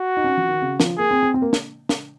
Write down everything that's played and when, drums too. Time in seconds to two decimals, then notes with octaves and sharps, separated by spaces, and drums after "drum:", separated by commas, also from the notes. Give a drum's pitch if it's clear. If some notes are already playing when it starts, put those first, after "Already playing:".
Already playing: F#4
0.17 D#4
0.24 C#4
0.37 F3
0.49 D#3
0.62 C#3
0.80 F3, drum: snare
0.98 A#3 G#4
1.11 C4
1.23 C4
1.34 C4
1.42 A#3
1.53 drum: snare
1.89 drum: snare